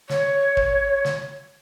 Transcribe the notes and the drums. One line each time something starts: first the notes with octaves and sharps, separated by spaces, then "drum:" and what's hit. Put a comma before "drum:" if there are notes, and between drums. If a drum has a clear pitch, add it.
C#5, drum: snare
drum: kick
drum: snare